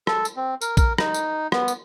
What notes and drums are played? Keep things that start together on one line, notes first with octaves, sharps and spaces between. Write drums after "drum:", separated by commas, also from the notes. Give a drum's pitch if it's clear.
A4, drum: rim click
drum: tambourine
C4
A#4, drum: tambourine
A#4, drum: kick, tambourine
D#4, drum: rim click
drum: tambourine
B3, drum: rim click
drum: tambourine